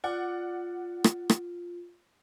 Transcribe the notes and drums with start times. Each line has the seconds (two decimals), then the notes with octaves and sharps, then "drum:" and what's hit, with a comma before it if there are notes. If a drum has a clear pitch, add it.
0.04 F4 D5 F#5
1.04 drum: rim click
1.30 drum: rim click